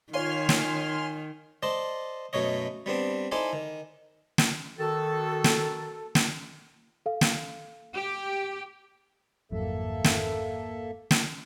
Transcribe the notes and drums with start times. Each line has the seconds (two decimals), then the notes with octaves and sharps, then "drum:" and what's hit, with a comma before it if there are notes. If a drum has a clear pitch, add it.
0.13 D#3 F4 C#5 G#5 C6 F6
0.49 drum: snare
1.63 C5 D5 D#5 A5
2.33 F#2 B2 A3 C#5 D#5
2.86 G3 B3 C4 D4
3.32 D#4 E4 A4 C5 D5 G#5
3.53 D#3
4.38 drum: snare
4.79 D#3 F#4 A4
5.44 drum: snare
6.15 drum: snare
7.06 A4 F5
7.21 drum: snare
7.94 G4
9.52 G#1 F2 F#3 A#3 A4 E5
10.04 drum: snare
11.11 drum: snare